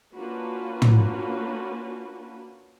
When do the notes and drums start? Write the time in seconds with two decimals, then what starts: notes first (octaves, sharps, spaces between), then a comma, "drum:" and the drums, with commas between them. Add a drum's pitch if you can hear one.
0.17 A#3 C#4 D4 F4 F#4 B4
0.82 drum: tom